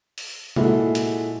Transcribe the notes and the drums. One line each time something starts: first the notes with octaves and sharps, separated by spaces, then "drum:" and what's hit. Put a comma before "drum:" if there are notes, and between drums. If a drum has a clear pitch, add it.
drum: open hi-hat
A#2 G#3 E4 F#4 A4, drum: tom C3
drum: hi-hat